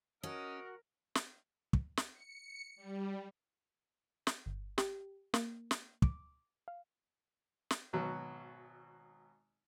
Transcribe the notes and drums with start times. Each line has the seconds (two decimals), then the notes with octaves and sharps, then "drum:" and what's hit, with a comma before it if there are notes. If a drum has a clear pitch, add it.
0.23 C#4 F#4 A#4 D#5
1.15 drum: snare
1.73 drum: kick
1.97 drum: snare
2.12 C#7
2.76 G3
4.27 G6, drum: snare
4.46 G1
4.78 G4, drum: snare
5.34 A#3, drum: snare
5.71 drum: snare
6.02 D6, drum: kick
6.68 F5
7.71 drum: snare
7.93 G#1 B2 F#3